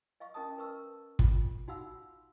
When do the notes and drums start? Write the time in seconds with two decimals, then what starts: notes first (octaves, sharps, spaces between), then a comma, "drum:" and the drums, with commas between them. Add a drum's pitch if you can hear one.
0.20 D#5 F5 C#6
0.34 C#4 A#4 D#5 A5 D#6
0.58 A#4 B4 C#6 E6
1.19 F4, drum: kick
1.68 D#4 F#4 F5 F#5 B5 E6